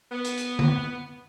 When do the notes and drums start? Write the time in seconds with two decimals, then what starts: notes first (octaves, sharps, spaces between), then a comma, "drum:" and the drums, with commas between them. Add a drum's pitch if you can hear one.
0.12 B3
0.24 drum: hi-hat
0.37 drum: hi-hat
0.59 drum: tom D3